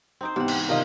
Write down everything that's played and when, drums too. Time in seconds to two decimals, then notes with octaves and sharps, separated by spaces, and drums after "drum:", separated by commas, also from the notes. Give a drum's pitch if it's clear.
0.21 C4 D#4 C5
0.36 G#2 C3 E3 B3 G4 F#5
0.48 drum: cymbal
0.69 C3 D#3 D#4 F4 A#4 D#5